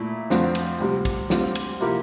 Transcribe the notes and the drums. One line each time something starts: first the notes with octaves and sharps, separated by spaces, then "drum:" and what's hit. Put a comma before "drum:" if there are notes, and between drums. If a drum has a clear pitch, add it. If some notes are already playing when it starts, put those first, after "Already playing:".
Already playing: A#2 A3 E4
F2 D3 A3 C4, drum: snare
drum: cymbal
D2 C3 G3
drum: kick, cymbal
D2 D3 G3 C4 F4, drum: snare
drum: cymbal
C3 F3 A#3 E4 G4